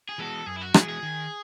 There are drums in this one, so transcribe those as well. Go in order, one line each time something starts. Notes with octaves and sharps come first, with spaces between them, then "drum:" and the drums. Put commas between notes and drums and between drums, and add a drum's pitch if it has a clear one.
G#4
E3 G#3 B3 F#4 A4
F#2 G#4
E4
F#4
E3 G#3 B3 F#4 G#4, drum: rim click
G#4
D#3